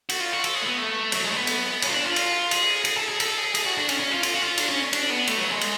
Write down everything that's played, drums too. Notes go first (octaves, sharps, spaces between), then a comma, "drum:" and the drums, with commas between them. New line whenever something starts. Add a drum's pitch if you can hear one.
F#4, drum: cymbal
F4
F#4
A4, drum: cymbal
G#4
A3
B3
A3
F#3, drum: cymbal
G#3
A3
B3
drum: cymbal
C#4 F4, drum: cymbal
D4
F4
drum: cymbal
G#4, drum: cymbal
G#4, drum: cymbal
A4
G#4
A4, drum: cymbal
G#4
G#4, drum: cymbal
F#4
D4
C#4, drum: cymbal
C#4
F4
F4, drum: cymbal
F#4
F4
D4, drum: cymbal
C#4
D4, drum: cymbal
B3
A3, drum: cymbal
F#3
G#3
drum: cymbal